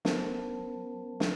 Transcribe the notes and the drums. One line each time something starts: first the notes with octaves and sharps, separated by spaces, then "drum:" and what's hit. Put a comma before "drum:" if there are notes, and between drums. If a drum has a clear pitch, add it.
F#3 B3 C#4 A#4 C5 A5, drum: snare
drum: snare